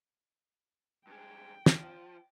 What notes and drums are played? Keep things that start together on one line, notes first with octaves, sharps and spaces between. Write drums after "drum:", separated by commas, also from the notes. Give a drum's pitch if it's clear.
G2 G#3 G5
F3, drum: snare